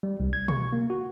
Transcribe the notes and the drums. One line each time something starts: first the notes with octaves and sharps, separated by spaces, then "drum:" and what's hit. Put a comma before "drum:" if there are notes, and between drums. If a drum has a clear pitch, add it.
G3
C2
G#6
C#6, drum: tom B2
A#3
F#4